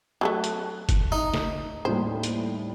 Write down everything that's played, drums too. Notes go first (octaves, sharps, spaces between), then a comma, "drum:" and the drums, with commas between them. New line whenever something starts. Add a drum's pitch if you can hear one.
F#3 G#3 A3 A5 F#6
drum: hi-hat
drum: kick, hi-hat
D#4
drum: snare
D#2 A2 G3 C5
drum: hi-hat